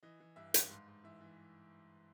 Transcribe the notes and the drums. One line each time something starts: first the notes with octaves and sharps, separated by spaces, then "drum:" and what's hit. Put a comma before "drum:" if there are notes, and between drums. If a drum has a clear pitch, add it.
E3 D#5
E3
G2 E5
G2, drum: hi-hat
G#2
G#2
E3 E5
E3